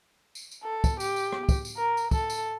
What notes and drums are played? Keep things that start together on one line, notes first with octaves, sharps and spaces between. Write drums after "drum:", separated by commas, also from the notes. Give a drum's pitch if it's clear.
drum: tambourine
drum: tambourine
A4
drum: kick, tambourine
G4, drum: tambourine
drum: tambourine
drum: rim click
drum: kick, tambourine
drum: tambourine
A#4
drum: tambourine
A4, drum: kick, tambourine
drum: tambourine